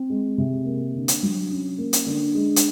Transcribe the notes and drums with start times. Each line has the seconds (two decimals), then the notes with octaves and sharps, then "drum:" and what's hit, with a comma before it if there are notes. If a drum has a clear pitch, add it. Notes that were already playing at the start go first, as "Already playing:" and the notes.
Already playing: C4
0.10 G#3
0.38 C3
0.65 A#3
0.94 D3
1.08 drum: hi-hat
1.23 F#3
1.51 C#4
1.78 A#3
1.93 drum: hi-hat
2.06 D3
2.35 G#3
2.56 drum: hi-hat